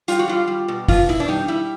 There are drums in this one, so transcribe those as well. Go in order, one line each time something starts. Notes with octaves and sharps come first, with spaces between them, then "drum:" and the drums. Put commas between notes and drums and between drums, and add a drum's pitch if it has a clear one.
G3 F4, drum: hi-hat
F#4
G3 F4
G3
B2
B2 F4, drum: kick, open hi-hat
B2 E4
D4
G3 D#4
G3 E4